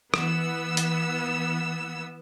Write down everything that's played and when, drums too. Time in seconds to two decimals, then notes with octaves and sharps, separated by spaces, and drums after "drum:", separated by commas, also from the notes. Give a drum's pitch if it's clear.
0.14 E3 B3 E6, drum: rim click
0.77 drum: hi-hat